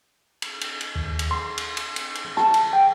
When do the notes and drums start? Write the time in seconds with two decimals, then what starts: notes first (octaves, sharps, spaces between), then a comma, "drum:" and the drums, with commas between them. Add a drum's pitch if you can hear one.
0.42 drum: cymbal
0.61 drum: cymbal
0.81 drum: cymbal
0.96 D#2
1.19 drum: cymbal
1.31 C6
1.58 drum: cymbal
1.77 drum: cymbal
1.96 drum: cymbal
2.15 drum: cymbal
2.37 A5, drum: rim click
2.54 drum: cymbal
2.73 G5